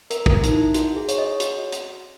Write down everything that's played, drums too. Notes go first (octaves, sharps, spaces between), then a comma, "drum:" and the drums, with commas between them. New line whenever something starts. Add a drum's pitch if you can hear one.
A#4, drum: hi-hat
drum: kick
D#4, drum: hi-hat
E4
F#4, drum: hi-hat
G#4
C#5, drum: hi-hat
D#5
F#4, drum: hi-hat
drum: hi-hat